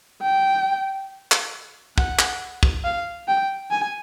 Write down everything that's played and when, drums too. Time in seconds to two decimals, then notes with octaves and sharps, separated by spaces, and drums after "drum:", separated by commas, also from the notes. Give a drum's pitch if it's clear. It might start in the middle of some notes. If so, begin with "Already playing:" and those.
0.22 G5
1.32 drum: clap
1.98 F#5, drum: kick
2.19 drum: clap
2.63 drum: kick
2.85 F5
3.28 G5
3.71 G#5